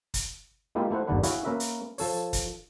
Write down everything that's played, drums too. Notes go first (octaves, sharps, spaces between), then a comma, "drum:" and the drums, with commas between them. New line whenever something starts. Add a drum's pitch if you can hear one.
drum: kick, hi-hat
G#3 A#3 E4 F4 G4
A3 E4 C5 F#5
G1 D#2 D3 D4 B4 F#5
E4 F#4 G#4 C#5 E5 F5, drum: hi-hat
A#3 C#4 A#4 B4 E5
drum: hi-hat
F3 A4 C#5, drum: open hi-hat
drum: kick, hi-hat